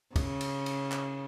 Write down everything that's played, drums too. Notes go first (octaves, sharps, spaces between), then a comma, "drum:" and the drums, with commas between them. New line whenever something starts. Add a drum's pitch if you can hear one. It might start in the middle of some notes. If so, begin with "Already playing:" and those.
C#3, drum: kick, cymbal
drum: cymbal
drum: cymbal
drum: clap